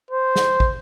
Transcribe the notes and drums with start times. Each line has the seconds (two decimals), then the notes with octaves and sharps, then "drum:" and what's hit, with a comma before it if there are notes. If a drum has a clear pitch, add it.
0.11 C5
0.36 drum: snare
0.60 drum: kick